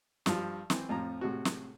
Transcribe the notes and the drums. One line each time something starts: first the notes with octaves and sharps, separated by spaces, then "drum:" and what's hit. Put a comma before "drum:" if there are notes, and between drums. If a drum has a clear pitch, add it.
G2 F3, drum: snare
E3 C4, drum: snare
F2 A2 F3 A#5
A2 C3 G#3 F#4
drum: snare